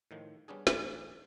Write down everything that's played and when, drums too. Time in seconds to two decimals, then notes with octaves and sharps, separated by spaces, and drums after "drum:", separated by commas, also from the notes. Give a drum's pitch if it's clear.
0.11 A2 D#3 F3
0.48 G3 B3 C#4 D4 G#4
0.67 A1 D2 A3, drum: snare